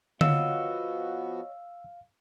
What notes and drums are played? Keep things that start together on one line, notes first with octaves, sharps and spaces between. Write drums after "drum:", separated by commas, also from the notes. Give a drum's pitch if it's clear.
F3 B3 F#4 C#5 D#5 F5 E6, drum: tom D3